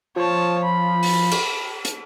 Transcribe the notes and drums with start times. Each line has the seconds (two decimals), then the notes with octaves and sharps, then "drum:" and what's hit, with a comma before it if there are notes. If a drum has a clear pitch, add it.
0.16 F3 C#5 A5
0.64 B5
1.03 drum: open hi-hat
1.31 drum: cymbal
1.85 drum: hi-hat